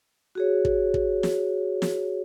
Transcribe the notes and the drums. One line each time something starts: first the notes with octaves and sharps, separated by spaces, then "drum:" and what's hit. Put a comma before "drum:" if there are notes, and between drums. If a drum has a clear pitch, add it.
F#4 G#4 C#5
drum: kick
drum: kick
drum: snare
drum: snare